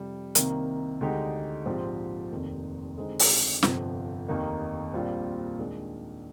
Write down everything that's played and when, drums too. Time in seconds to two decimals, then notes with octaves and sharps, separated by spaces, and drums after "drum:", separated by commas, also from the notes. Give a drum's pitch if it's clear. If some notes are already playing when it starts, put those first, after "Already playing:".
Already playing: F2 C3 G3
0.35 C2 C3 D#3 A#3, drum: hi-hat
1.01 D2 D3 G#3 D#4 G4
1.65 A#1 G#2 F3 C4 G4
2.31 F1 D#2 D#3
2.97 D3 G#3 C4 D#4
3.19 drum: open hi-hat
3.63 G1 F2 C3 F3, drum: snare
4.28 F1 D#2 D#3 A#3 D#4
4.93 A#1 A#2 G3 C4 F4
5.58 D#2 D#3 G#3 D4